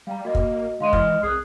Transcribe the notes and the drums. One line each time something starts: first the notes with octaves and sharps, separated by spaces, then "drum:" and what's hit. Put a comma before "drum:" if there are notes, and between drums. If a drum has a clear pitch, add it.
G3 F5 A#5
A#3 F#4 D#5
drum: kick
D3 G#3 F5 C6 D#7
E3 F6, drum: kick
C2 G#4 F#6 C7